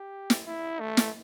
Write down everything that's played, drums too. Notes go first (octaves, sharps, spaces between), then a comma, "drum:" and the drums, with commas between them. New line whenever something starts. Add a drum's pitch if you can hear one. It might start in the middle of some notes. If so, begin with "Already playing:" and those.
Already playing: G4
drum: snare
E4
A3
drum: snare